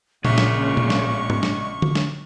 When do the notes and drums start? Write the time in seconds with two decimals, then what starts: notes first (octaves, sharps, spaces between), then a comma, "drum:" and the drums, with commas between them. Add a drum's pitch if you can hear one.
0.25 A#1 A#2 C#3 G#3 E5 C#6, drum: tom A#2
0.38 drum: snare
0.77 drum: tom A#2
0.90 drum: snare
1.30 drum: tom G#2
1.43 drum: snare
1.82 drum: tom D3
1.95 drum: snare